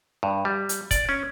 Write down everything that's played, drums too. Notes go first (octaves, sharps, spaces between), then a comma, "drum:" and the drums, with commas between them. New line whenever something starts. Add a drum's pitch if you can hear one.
G2
G3
drum: hi-hat
D5, drum: kick, hi-hat
C#4